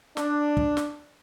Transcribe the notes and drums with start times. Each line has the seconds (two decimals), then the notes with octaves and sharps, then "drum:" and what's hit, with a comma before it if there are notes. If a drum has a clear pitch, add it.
0.17 D4, drum: snare
0.57 drum: kick
0.77 drum: snare